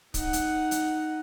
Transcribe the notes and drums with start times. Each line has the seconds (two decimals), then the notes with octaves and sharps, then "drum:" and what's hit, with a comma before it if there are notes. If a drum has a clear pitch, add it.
0.14 D#4 F#5, drum: kick, hi-hat
0.33 drum: hi-hat
0.71 drum: hi-hat